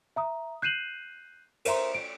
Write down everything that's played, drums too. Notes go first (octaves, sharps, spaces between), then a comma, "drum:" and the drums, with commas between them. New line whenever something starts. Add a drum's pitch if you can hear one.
E5 A#5 D#6
F#6 G6 C7 D#7 E7 F#7
A#4 C5 E5 A#5 C6, drum: cymbal
D7